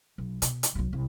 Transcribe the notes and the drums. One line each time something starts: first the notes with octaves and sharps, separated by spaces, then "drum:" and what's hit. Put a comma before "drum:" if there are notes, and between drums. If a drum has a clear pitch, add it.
B1
B2, drum: hi-hat
drum: hi-hat
B1 F#3
C2